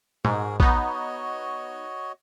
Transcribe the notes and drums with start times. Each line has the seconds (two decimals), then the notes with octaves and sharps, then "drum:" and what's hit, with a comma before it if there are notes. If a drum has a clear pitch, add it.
0.25 G#2 F#4 G#4 A#4, drum: tom
0.60 B3 D#4 F#4 C#5 D#5, drum: kick